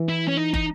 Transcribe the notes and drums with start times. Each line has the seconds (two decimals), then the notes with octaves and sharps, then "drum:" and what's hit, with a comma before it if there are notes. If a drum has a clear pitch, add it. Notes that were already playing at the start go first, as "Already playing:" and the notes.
Already playing: E3
0.09 E4
0.28 C#4
0.37 D#4
0.54 D#4, drum: kick